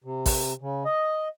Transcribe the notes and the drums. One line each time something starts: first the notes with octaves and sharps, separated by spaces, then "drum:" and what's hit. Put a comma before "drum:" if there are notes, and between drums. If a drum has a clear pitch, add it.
C3
drum: kick A1, open hi-hat
C#3
D#5